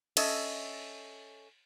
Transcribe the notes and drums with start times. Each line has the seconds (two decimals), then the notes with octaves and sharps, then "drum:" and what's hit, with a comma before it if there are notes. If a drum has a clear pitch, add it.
0.17 C#4 A4 D#5 E5, drum: cymbal